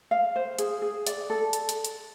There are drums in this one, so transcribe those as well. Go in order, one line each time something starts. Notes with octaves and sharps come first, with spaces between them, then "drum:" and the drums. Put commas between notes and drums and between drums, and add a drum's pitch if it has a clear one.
F5
C5
G#4, drum: hi-hat
G#4
D5, drum: hi-hat
A4
drum: hi-hat
drum: hi-hat
drum: hi-hat